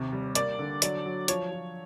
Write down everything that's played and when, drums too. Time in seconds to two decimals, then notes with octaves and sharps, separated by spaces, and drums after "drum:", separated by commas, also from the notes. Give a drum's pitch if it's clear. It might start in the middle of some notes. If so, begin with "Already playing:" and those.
Already playing: D#2 C3
0.13 G3
0.35 A#3 D5, drum: hi-hat
0.59 D3
0.82 F#3 D5, drum: hi-hat
1.06 F#3
1.28 F3 C#5, drum: hi-hat
1.52 F3